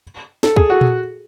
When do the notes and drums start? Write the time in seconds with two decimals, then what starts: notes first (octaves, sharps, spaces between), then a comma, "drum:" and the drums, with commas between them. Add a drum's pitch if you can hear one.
0.43 A4, drum: snare
0.56 G#4, drum: kick
0.70 F#4
0.81 drum: tom A#2